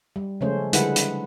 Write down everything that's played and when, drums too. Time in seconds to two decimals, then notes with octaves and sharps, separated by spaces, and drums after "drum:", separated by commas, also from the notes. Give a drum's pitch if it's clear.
0.16 G3
0.41 C#3 F3 G#3 A3 C#4 C5
0.73 D3 G3 G#3 E4 B4 F#5, drum: hi-hat
0.96 drum: hi-hat